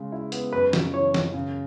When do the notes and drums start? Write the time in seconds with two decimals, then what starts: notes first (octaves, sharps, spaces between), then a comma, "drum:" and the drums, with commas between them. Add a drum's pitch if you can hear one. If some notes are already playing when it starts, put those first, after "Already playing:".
Already playing: C#3 G#3
0.12 E4
0.32 B3, drum: hi-hat
0.53 F#2 B4
0.73 C#3, drum: snare
0.93 E3 C#5
1.14 F#2, drum: snare
1.34 C#3